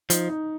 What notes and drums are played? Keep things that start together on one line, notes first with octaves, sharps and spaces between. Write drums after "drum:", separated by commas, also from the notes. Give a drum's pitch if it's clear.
F3 D#4, drum: hi-hat
D#4